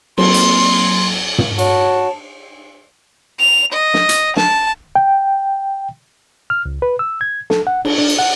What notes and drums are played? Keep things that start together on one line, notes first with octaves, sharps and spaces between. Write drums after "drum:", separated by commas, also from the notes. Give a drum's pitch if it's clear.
F#3 A#3 C4 C6, drum: cymbal
drum: hi-hat
drum: tom
F#4 C#5 A5, drum: cymbal
F7
D#5
drum: snare
drum: hi-hat
A5, drum: snare
G5
F6
C#2
B4
E6
G#6
A4, drum: snare
F#5
D4, drum: cymbal
D4
drum: cymbal
F#5